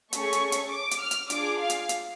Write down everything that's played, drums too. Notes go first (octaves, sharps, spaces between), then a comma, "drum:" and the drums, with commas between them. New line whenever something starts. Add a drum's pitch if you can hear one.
A3 C#4 G#4 C#6, drum: hi-hat
drum: hi-hat
drum: hi-hat
D6
drum: hi-hat
F6
drum: hi-hat
D4 F4 G#4 D6, drum: hi-hat
F5
drum: hi-hat
drum: hi-hat